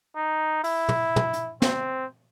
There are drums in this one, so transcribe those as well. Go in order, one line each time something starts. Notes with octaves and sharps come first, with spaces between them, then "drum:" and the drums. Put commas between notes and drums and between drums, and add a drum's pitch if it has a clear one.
D#4
E4, drum: open hi-hat
drum: tom
drum: tom
drum: hi-hat
C4, drum: snare